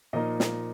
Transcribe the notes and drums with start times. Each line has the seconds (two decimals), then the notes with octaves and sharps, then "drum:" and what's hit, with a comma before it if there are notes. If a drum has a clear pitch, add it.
0.13 A#2 F3 A#3 D#4 D#5
0.40 drum: snare